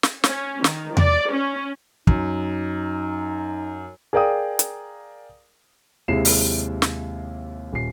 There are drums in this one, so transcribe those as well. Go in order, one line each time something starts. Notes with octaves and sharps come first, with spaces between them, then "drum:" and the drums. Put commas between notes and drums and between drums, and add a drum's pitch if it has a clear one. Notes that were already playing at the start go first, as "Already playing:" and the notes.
drum: snare
C#4, drum: snare
D#3, drum: snare
D5, drum: tom E2
C#4
F#2 D#4, drum: kick
G#4 A#4 D5 F5 G5 D#6
drum: hi-hat
D#2 C3 G#3 E4 C7 E7
drum: open hi-hat
drum: snare
D#1 C7